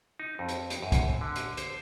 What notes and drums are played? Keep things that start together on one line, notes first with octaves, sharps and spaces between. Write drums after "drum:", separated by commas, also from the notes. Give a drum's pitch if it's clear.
D#4
F2
drum: hi-hat
drum: hi-hat
F#2
drum: kick, hi-hat
D3
drum: hi-hat
C5, drum: hi-hat